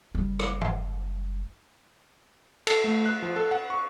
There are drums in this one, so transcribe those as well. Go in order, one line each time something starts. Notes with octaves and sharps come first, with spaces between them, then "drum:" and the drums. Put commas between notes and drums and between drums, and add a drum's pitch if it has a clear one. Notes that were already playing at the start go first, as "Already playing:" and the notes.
F#1 G3
drum: rim click
drum: tom
A4, drum: cymbal
A3
F#6
F3
A4
F#5
C#6